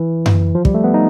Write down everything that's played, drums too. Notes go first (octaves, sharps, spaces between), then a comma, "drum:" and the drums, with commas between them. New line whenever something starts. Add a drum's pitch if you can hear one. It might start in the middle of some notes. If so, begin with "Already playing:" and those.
Already playing: E3
drum: tom F#2
F3
G3, drum: kick
A3
B3
D#4